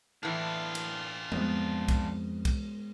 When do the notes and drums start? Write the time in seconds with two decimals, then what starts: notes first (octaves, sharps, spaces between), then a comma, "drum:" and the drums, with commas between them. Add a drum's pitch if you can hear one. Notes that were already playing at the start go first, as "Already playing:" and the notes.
0.23 A2 E3 D4 F4
0.75 drum: cymbal
1.32 F2 G#2 B3, drum: tom G3
1.88 drum: kick C2, cymbal
2.45 drum: kick C2, cymbal